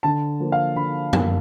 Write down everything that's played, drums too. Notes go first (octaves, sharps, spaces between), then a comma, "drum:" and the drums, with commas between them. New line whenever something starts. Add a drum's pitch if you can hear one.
D3 A5
F3 A#3
F5
D3 B5
F3 A#3, drum: tom F#2